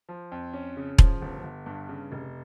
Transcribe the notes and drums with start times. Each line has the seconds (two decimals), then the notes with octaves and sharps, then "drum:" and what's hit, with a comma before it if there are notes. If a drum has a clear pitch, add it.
0.09 F3
0.32 F2
0.53 C#4
0.77 C#3
0.98 F3, drum: kick E1
1.22 G1
1.43 G1
1.66 G2
1.89 C#3
2.12 F1